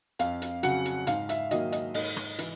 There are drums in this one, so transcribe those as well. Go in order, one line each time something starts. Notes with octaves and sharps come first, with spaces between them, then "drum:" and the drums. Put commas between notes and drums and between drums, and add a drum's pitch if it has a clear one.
F2 F5, drum: hi-hat
drum: hi-hat
C#3 F#3 F#5, drum: hi-hat
drum: hi-hat
G#2 F5, drum: hi-hat
E5, drum: hi-hat
D#3 F#3 A#3 D#5, drum: hi-hat
D#5, drum: hi-hat
G#2 D#5, drum: open hi-hat
drum: rim click
E3, drum: hi-hat